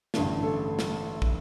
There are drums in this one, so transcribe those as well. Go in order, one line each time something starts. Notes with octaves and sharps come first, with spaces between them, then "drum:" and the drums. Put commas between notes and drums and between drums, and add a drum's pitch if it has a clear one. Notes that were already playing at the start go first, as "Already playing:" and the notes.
A1 G2 D3 A3, drum: snare
A4
drum: snare
drum: kick